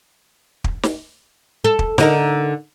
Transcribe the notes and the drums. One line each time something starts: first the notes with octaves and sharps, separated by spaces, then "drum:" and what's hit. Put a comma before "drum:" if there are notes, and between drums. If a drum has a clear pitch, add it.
drum: kick
drum: snare
A4
drum: kick
D3 D#4 A#4, drum: snare